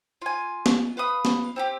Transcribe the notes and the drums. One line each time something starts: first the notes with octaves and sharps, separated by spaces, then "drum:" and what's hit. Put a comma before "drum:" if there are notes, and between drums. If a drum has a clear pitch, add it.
F4 G#5
drum: snare A#3
B4 F5 B5 D#6
drum: snare A#3
C4 D#4 G4